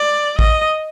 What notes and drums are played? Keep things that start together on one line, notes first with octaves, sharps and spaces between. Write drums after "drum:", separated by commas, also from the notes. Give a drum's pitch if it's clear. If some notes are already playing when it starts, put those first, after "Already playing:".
Already playing: D5
D#5, drum: kick